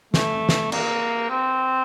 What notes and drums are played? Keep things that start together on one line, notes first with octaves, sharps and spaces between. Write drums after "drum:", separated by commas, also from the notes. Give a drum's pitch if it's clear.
A3, drum: snare
drum: snare
A#3, drum: cymbal
C4